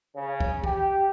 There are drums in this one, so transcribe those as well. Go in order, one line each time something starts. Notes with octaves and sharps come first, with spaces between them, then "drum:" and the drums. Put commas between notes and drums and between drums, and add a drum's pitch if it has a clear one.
C#3
drum: kick
G4, drum: kick